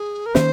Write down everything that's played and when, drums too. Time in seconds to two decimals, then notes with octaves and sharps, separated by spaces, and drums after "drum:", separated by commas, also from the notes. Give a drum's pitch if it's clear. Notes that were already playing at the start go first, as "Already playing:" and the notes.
Already playing: G#4
0.26 A#4
0.35 D#3 A#3 C#4 C5, drum: snare